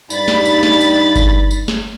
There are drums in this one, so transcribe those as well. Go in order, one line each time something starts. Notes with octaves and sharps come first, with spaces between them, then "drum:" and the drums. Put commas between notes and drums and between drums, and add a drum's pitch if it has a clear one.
G2 D#4 D5 B5 A6, drum: tambourine
drum: snare
drum: tambourine
drum: snare
drum: tambourine
drum: kick G1, tambourine
drum: tambourine
drum: snare